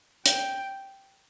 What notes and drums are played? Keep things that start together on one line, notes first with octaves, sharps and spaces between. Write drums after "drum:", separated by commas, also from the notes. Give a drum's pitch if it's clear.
G5, drum: hi-hat